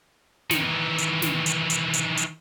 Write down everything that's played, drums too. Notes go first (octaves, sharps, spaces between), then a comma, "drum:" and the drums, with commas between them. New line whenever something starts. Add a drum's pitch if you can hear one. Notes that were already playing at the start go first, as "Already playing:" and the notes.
D#3 E3, drum: snare
drum: hi-hat
drum: snare
drum: hi-hat
drum: hi-hat
drum: hi-hat
drum: hi-hat